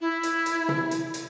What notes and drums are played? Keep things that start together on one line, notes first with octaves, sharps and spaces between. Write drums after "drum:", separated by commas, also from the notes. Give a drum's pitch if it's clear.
E4
drum: hi-hat
drum: hi-hat
drum: tom
drum: hi-hat
drum: hi-hat